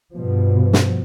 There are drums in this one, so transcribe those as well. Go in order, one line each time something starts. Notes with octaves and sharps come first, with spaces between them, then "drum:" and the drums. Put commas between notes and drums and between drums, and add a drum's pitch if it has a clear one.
G2 B2 F3
drum: snare